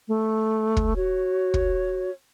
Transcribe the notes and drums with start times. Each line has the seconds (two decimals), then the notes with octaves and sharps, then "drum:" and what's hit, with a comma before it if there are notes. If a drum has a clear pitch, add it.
0.08 A3
0.77 drum: kick
0.96 F#4 C#5
1.54 drum: kick